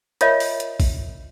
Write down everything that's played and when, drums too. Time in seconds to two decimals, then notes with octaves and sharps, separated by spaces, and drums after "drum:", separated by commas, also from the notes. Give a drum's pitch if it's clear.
0.21 F4 A#4 C#5 D#5 E5, drum: hi-hat
0.40 drum: open hi-hat
0.60 drum: hi-hat
0.80 drum: kick A1, open hi-hat